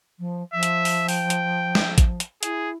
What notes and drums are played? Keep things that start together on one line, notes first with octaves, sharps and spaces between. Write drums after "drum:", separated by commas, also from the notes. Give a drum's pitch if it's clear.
F3
F3 E5
drum: hi-hat
drum: open hi-hat
G5, drum: open hi-hat
drum: hi-hat
drum: snare
drum: kick A1, hi-hat
drum: hi-hat
E4 G#4, drum: hi-hat